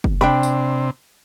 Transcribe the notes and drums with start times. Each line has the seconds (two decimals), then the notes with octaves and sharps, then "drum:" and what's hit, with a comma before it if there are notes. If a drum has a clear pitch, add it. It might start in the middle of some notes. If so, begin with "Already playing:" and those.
0.04 drum: kick
0.21 C3 D4 G5 B5
0.43 drum: tambourine